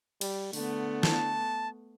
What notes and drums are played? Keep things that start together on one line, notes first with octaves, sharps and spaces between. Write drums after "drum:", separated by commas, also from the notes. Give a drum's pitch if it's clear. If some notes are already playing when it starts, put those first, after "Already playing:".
G3, drum: cymbal
D3 A3 B3, drum: open hi-hat
A5, drum: snare